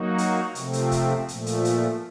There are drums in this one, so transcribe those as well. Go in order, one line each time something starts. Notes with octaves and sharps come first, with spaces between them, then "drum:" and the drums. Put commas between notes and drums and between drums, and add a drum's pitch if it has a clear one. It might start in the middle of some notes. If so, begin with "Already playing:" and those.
Already playing: F#3 A#3 D#4 F#4
drum: hi-hat
C3 F3 A3 C4, drum: hi-hat
drum: hi-hat
drum: kick, hi-hat
A#2 F3 A3, drum: hi-hat
drum: hi-hat
drum: hi-hat